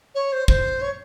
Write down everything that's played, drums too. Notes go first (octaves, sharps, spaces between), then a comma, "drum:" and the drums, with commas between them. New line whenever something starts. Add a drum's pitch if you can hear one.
C#5
C5
C5, drum: kick
C#5